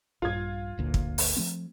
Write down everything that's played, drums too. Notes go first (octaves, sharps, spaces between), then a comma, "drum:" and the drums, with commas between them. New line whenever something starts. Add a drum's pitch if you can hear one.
A#1 G2 F4 G#6
G1 D2 A#2
drum: kick
drum: open hi-hat
F3 A3 C4